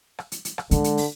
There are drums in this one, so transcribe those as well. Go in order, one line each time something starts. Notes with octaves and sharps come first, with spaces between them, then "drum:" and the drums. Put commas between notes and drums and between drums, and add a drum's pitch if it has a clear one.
drum: rim click
drum: hi-hat
drum: hi-hat
drum: rim click
D3 G#3, drum: hi-hat
drum: hi-hat
drum: open hi-hat